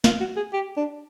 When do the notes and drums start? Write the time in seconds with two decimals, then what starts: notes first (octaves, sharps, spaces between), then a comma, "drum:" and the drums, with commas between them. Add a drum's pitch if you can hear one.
0.04 F4, drum: snare
0.20 F#4
0.36 G#4
0.53 G4
0.77 D4